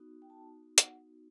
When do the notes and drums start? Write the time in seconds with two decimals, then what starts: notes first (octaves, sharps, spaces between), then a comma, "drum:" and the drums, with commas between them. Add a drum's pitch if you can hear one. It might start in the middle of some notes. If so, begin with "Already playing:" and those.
Already playing: B3 D#4 F#4
0.22 G5
0.30 A5
0.78 F#5, drum: hi-hat